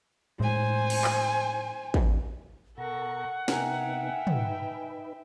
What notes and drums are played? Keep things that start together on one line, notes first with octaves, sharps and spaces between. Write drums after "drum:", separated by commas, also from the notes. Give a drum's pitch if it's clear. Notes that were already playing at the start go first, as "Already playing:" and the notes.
A2 G#3 C5 G#5
drum: cymbal
drum: clap
drum: kick
B2 A4 A#4 F#5 A#5 C#6
C3 B3 D#4 A#4 E5 G5 G#5, drum: snare
D#4 B4, drum: tom